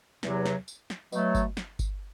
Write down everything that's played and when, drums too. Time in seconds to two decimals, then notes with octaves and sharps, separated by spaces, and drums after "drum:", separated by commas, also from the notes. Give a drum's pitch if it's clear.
0.23 E2 C3 F#3, drum: snare
0.46 drum: snare
0.68 drum: tambourine
0.90 drum: snare
1.12 B2 F#3 A3, drum: tambourine
1.35 drum: kick G1, tambourine
1.57 drum: snare
1.79 drum: kick G1, tambourine